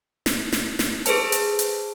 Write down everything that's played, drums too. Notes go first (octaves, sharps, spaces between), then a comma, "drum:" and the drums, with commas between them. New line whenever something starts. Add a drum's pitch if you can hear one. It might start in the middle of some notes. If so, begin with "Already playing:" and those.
drum: snare
drum: snare
drum: snare
G#4 A4 B4 C5 A5, drum: hi-hat
drum: hi-hat
drum: hi-hat